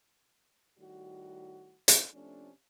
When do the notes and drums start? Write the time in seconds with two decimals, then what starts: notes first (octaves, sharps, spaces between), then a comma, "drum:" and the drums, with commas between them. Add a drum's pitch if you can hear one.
0.79 A2 D#3 G3 F#4
1.88 drum: hi-hat
2.13 C3 F3 A3 C#4 D4